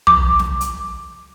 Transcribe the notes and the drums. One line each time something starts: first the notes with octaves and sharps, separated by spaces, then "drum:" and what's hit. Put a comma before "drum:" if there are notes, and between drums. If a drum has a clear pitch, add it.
D6, drum: tom
drum: snare
drum: hi-hat